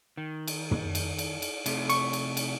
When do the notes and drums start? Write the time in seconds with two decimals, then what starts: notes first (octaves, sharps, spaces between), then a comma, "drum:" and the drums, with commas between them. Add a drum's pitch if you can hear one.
0.17 D#3
0.48 drum: cymbal
0.71 drum: tom
0.95 drum: cymbal
1.19 drum: cymbal
1.42 drum: cymbal
1.66 C3 A3, drum: cymbal
1.89 C#6, drum: cymbal
2.13 drum: cymbal
2.37 drum: cymbal